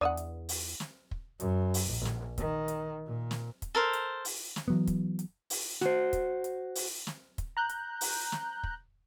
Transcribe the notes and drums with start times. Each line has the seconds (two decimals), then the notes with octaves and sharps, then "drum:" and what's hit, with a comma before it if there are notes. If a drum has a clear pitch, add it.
0.01 E2 D4 D5 E5 F#5 D#6
0.17 drum: hi-hat
0.49 drum: open hi-hat
0.80 drum: snare
1.11 drum: kick
1.40 F#2, drum: hi-hat
1.74 drum: open hi-hat
1.89 A#1
2.05 drum: snare
2.38 D#3, drum: kick, hi-hat
2.68 drum: hi-hat
3.06 A#2
3.31 drum: snare
3.62 drum: kick, hi-hat
3.75 A4 A#4 C5
3.93 drum: hi-hat
4.25 drum: open hi-hat
4.56 drum: snare
4.68 E3 F#3 B3
4.87 drum: kick, hi-hat
5.19 drum: hi-hat
5.50 drum: open hi-hat
5.81 F#4 C5, drum: snare
6.13 drum: kick, hi-hat
6.44 drum: hi-hat
6.75 drum: open hi-hat
7.07 drum: snare
7.38 drum: kick, hi-hat
7.57 A#5 F#6 G6
7.69 drum: hi-hat
8.01 drum: open hi-hat
8.32 drum: snare
8.63 drum: kick